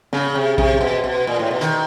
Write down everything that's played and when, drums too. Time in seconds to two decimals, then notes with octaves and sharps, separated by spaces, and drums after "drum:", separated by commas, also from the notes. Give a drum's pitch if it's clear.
0.13 C#3, drum: snare
0.35 C3
0.58 C3, drum: kick
0.81 B2
1.04 B2
1.27 A#2
1.39 A2
1.51 B2
1.61 D#3, drum: hi-hat